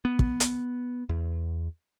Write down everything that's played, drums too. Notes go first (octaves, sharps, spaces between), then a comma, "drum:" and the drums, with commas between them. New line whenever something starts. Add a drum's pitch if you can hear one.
B3
drum: kick
drum: hi-hat
E2